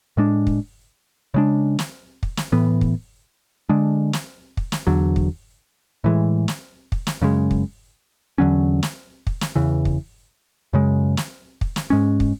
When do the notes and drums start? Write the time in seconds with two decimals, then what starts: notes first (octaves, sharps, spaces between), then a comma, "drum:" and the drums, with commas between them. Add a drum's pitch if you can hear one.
0.17 A2 G#3 D4
0.47 drum: kick
1.34 C#3 G#3 D4
1.79 drum: snare
2.23 drum: kick
2.37 drum: snare
2.52 A2 E3 B3
2.81 drum: kick
3.69 D3 G#3 D4
4.13 drum: snare
4.57 drum: kick
4.72 drum: snare
4.87 E2 D3 F#3
5.16 drum: kick
6.04 A2 E3 G#3
6.48 drum: snare
6.92 drum: kick
7.07 drum: snare
7.22 F#2 C#3 G#3
7.51 drum: kick
8.38 E2 D3 F#3 C#4
8.83 drum: snare
9.27 drum: kick
9.41 drum: snare
9.56 E2 C#3 E3
9.85 drum: kick
10.73 F#2 C#3 G#3
11.17 drum: snare
11.61 drum: kick
11.76 drum: snare
11.90 G#2 G#3 C#4
12.20 drum: kick